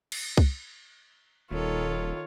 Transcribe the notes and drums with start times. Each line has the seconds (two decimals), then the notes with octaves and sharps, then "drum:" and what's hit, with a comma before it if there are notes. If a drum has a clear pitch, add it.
0.12 drum: cymbal
0.37 drum: kick C2
1.51 D#1 D#3 F4 A4 C#5